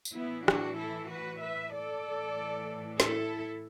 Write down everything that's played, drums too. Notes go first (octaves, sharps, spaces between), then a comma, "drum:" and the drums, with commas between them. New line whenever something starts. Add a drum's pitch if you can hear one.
drum: tambourine
A2 E3 B3 E4
D4 F#4, drum: rim click
E4 A4
F#4 B4
B4 E5
A4 D5
A2 E3
E4 A4, drum: snare